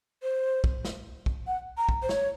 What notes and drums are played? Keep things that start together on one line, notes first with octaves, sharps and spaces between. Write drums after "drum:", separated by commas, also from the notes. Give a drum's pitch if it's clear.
C5
drum: kick
drum: snare
drum: kick
F#5
A#5
drum: kick
C5
C#5, drum: snare